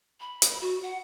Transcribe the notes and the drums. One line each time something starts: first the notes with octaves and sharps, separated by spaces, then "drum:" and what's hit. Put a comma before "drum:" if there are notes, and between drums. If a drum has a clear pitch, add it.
B5
drum: hi-hat
F#4
F#5